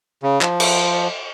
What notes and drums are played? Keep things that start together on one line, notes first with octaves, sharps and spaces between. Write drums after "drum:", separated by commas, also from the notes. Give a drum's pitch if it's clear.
C#3
F3, drum: clap
drum: cymbal